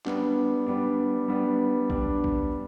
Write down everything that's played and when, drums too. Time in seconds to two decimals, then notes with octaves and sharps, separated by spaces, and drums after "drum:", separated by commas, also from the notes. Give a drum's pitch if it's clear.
0.05 G3 B3 D4, drum: clap
0.67 G3 B3 D4
1.28 G3 B3 D4
1.90 G3 B3 D4, drum: kick A#1
2.24 drum: kick A#1